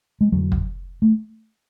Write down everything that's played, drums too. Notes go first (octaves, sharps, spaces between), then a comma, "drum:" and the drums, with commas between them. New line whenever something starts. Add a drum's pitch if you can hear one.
G#3
F2 D3 F#3
drum: kick
A3